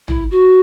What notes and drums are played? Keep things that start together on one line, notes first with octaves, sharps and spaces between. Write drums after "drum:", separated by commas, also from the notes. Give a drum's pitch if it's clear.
E4, drum: tom A1
F#4